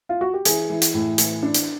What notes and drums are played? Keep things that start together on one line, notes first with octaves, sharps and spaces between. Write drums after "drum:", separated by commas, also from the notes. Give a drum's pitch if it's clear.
F4
F#4
G4
E3 G#4, drum: hi-hat
E3
drum: hi-hat
A2
E3, drum: hi-hat
D4
drum: hi-hat